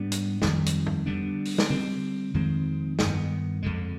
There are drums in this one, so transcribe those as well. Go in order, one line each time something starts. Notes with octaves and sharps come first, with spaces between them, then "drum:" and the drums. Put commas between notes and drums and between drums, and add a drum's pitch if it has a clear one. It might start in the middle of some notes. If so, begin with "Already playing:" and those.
Already playing: G#2 G3 B3 D4
drum: hi-hat
F2 D#3 G3, drum: snare
drum: hi-hat
drum: tom G2
D3 G3 B3 D4
drum: open hi-hat
drum: snare
D3 G3 C4
F2 D#3 G#3 C4
G2 D#3 B3, drum: snare
F2 D3 G#3